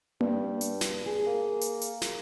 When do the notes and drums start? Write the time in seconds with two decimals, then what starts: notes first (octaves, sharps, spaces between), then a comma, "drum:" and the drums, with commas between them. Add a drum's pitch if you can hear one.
0.21 G2, drum: tom A#3
0.61 drum: hi-hat
0.81 drum: snare
1.06 G#4
1.27 A#3
1.61 drum: hi-hat
1.81 drum: hi-hat
2.02 drum: snare